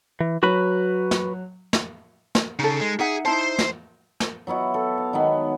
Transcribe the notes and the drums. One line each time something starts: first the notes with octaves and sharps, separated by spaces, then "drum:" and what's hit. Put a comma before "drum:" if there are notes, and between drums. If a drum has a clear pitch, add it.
E3
F#3 F#4 B4 B5
drum: snare
drum: snare
drum: snare
C#3 D#4 A4
G#3
D#4 G#4 E5 F#5
D#4 E4 C5 A5 C6
drum: snare
drum: snare
F#3 B3 E4 F#4
A4
F5
D#3 F#3 G#3 B3